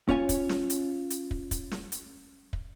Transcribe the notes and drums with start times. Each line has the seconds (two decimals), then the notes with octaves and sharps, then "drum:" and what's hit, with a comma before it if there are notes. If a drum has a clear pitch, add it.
0.09 C#4 F4 C#5 G#5, drum: kick
0.29 drum: kick, hi-hat
0.49 drum: snare
0.70 drum: hi-hat
1.10 drum: hi-hat
1.31 drum: kick
1.51 drum: kick, hi-hat
1.71 drum: snare
1.92 drum: hi-hat
2.53 drum: kick